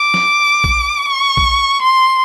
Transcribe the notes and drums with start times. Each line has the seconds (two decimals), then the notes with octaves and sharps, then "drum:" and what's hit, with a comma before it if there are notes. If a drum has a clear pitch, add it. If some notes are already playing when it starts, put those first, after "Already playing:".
Already playing: D6
0.14 drum: snare
0.64 drum: kick
1.06 C#6
1.37 drum: kick
1.82 C6